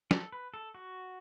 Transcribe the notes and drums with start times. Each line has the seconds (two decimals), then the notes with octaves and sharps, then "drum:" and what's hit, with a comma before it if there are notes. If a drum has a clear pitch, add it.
0.11 A4, drum: snare
0.32 B4
0.54 A4
0.75 F#4